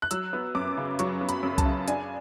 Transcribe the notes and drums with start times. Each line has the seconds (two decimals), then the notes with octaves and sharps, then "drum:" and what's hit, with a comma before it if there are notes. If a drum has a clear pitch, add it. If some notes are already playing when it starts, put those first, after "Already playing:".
0.02 F#6
0.11 F#3 E6, drum: hi-hat
0.33 B3
0.55 F#2 D6
0.77 C#3
0.99 F#3 C#6, drum: hi-hat
1.21 B3
1.29 B5, drum: hi-hat
1.43 F#2
1.58 A5, drum: kick C2, hi-hat
1.65 C#3
1.88 D4 G#5, drum: hi-hat